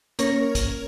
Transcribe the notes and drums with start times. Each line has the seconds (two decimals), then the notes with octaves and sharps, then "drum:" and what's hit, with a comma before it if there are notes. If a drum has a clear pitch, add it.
0.19 A#3 C#4 A#4 C#5, drum: hi-hat
0.55 drum: kick, hi-hat